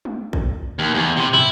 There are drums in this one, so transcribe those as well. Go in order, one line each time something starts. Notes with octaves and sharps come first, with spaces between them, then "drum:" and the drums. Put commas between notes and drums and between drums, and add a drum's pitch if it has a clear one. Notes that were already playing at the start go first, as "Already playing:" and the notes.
drum: tom
drum: kick
D#2
E2
C3
E4, drum: tom